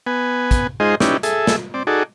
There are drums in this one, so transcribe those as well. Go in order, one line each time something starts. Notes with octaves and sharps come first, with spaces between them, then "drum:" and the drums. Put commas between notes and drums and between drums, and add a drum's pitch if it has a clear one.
B3 B4 G#5
drum: kick, hi-hat
G#3 D#4 F4 G#4 C5 D#5
C#4 D#4 E4 G4 B4 D5, drum: snare
G#4 A4 E5, drum: hi-hat
drum: snare
C4 D5
D#4 F#4 G#4 A4 D5